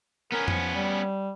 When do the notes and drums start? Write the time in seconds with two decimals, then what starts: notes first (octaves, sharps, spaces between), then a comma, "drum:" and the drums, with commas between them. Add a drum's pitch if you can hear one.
0.32 B3 C#4 A#4
0.48 F3, drum: tom F2
0.75 G3